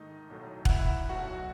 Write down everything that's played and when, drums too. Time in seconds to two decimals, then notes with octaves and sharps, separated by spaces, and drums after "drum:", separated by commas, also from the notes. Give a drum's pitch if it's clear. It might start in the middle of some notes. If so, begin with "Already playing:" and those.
Already playing: G#2 D#3 A3 D#4 D#5
0.30 B1 A2 F#3 A3
0.65 F#5, drum: kick E1
0.69 E4 E5
1.09 B1 B2 F#3 A3 F#4 F#5